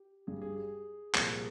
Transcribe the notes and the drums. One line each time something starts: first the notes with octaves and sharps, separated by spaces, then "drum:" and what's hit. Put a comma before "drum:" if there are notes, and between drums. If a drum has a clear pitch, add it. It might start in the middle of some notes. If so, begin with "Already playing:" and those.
Already playing: G4
G2 G3 G#4
G#4
G#4
C2 A#2 F3 G#4, drum: clap
G#4